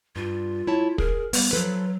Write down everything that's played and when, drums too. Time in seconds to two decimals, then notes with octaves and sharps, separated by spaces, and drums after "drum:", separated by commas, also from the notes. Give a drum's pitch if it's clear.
0.16 G2 F4
0.67 E4 C#5 A5
0.98 G#4 A#4, drum: kick
1.33 G3 B3, drum: open hi-hat
1.53 F3 F#3 A4 B4